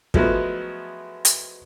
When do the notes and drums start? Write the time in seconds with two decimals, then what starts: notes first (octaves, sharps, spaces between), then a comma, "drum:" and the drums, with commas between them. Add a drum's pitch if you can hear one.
0.14 F3 F#3 G#3 A3 B3 F#4, drum: kick
1.25 drum: hi-hat